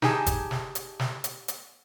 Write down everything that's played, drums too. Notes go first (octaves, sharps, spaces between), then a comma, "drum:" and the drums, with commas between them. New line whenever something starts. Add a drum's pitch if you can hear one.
D#4 G4 G#4 G#5 A5, drum: snare
drum: kick F#1, hi-hat
drum: snare
drum: hi-hat
drum: snare
drum: hi-hat
drum: hi-hat